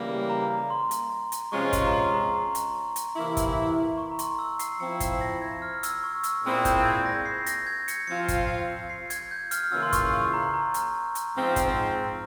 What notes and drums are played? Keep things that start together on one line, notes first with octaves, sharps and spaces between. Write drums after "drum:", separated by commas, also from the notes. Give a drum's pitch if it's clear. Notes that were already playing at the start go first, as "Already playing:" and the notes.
Already playing: C#3 E3 G3 A#3
A#5
C6
drum: hi-hat
drum: hi-hat
C3 F3 G#3 C#4 F4 C#6
C6, drum: kick, hi-hat
A#5
C6
A#5
drum: hi-hat
drum: hi-hat
C3 E3 A#3 E4
drum: kick, hi-hat
C#6
A#5
C6, drum: hi-hat
E6
C7, drum: hi-hat
F3 C4 E4 C#7
C7, drum: kick, hi-hat
A#6
G#6
F6
E6, drum: hi-hat
C#6
E6, drum: hi-hat
A#2 G#3 C4 E4
G6, drum: kick, hi-hat
G#6
A#6
C7
A#6, drum: hi-hat
G#6
C#7, drum: hi-hat
F3 C4 F4 C#7
drum: kick, hi-hat
C7
G#6, drum: hi-hat
G6
F6, drum: hi-hat
C#3 E3 A#3 C#4 F4 E6
C6
C#6, drum: kick, hi-hat
C6
A#5
A#5
drum: hi-hat
drum: hi-hat
G#2 F3 C4
drum: kick, hi-hat